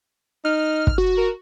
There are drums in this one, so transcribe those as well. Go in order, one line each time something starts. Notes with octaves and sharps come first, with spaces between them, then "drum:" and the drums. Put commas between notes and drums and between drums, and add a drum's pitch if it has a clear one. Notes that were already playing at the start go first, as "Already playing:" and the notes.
D#4 F6
drum: kick
F#4
A#4